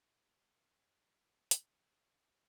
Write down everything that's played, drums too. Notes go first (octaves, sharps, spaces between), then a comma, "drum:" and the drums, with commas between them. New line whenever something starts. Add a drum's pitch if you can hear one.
G#5 C6
drum: hi-hat